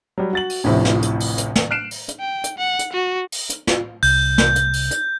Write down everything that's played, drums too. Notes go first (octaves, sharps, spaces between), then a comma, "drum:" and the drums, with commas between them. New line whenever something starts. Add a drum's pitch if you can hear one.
F#3 G3
F#4 A6 F#7
drum: open hi-hat
A1 D2 A2 C3 F3
drum: snare
drum: hi-hat
drum: open hi-hat
drum: hi-hat
drum: snare
F6 F#6 C7 D7 E7
drum: open hi-hat
drum: hi-hat
G5
drum: hi-hat
F#5
drum: hi-hat
F#4
drum: open hi-hat
drum: hi-hat
drum: snare
C2 G6, drum: open hi-hat
drum: snare
drum: hi-hat
drum: open hi-hat
drum: hi-hat